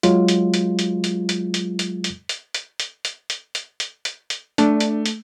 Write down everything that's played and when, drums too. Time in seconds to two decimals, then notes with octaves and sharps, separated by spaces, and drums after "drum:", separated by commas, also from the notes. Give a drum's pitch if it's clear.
0.03 F#3 G#3 F4, drum: hi-hat
0.28 drum: hi-hat
0.54 drum: hi-hat
0.79 drum: hi-hat
1.04 drum: hi-hat
1.29 drum: hi-hat
1.54 drum: hi-hat
1.79 drum: hi-hat
2.04 drum: hi-hat
2.29 drum: hi-hat
2.54 drum: hi-hat
2.80 drum: hi-hat
3.05 drum: hi-hat
3.30 drum: hi-hat
3.55 drum: hi-hat
3.80 drum: hi-hat
4.05 drum: hi-hat
4.30 drum: hi-hat
4.58 A3 D4, drum: hi-hat
4.80 drum: hi-hat
5.06 drum: hi-hat